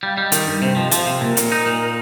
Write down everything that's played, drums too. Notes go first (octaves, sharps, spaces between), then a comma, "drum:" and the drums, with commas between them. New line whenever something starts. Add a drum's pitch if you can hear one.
G3 F5
G3 D#5
D#3 A#4, drum: hi-hat
G2 A#4
C3 C5
F3 D#5
F3 F5, drum: hi-hat
C3
A#2 A#4
A#2, drum: hi-hat
D#4
A#2